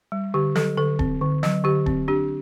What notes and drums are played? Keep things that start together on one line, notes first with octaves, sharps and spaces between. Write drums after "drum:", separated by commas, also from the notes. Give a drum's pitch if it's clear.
G3
D3 G4
F#3 A4, drum: snare
D3 A4
C4, drum: kick D#1
D3
F#3, drum: snare
D3 G4
C4, drum: kick D#1
D4 G4